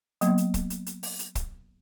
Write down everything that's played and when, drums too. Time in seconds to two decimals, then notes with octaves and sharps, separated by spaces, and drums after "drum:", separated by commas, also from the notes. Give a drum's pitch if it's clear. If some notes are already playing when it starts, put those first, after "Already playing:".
0.21 F#3 A#3 B3, drum: hi-hat
0.38 drum: hi-hat
0.54 drum: kick, hi-hat
0.70 drum: hi-hat
0.86 drum: hi-hat
1.03 drum: open hi-hat
1.19 drum: hi-hat
1.35 drum: kick, hi-hat